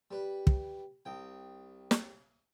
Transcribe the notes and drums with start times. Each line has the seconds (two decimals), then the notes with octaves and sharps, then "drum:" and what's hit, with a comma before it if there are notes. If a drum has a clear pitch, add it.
0.11 G3 B4
0.47 drum: kick
1.05 C2 G5
1.91 drum: snare